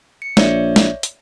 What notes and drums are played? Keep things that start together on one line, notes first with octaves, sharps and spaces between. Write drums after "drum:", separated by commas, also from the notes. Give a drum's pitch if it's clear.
C#7
A#1 C#5 D5 E5, drum: snare
drum: snare
drum: hi-hat